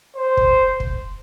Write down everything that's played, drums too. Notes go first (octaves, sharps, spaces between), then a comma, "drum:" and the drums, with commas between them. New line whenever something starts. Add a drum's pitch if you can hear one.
C5
drum: kick
drum: kick